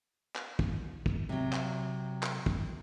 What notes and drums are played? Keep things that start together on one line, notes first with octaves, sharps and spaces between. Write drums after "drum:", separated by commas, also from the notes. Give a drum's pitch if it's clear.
drum: clap
drum: kick
drum: kick
C3 F#3
drum: clap
drum: clap
drum: kick